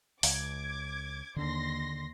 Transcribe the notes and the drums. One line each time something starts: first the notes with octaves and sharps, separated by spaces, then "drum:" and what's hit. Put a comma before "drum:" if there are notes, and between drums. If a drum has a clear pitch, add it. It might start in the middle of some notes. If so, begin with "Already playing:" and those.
C#2 D6 G#6, drum: open hi-hat
D#2 D3 D4 C6 A#6